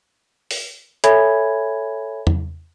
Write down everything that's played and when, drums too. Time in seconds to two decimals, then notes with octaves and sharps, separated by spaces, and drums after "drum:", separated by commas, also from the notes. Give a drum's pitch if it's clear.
0.51 drum: open hi-hat
1.04 A4 C#5 E5 G#5 B5 G#6, drum: hi-hat
2.27 drum: tom E2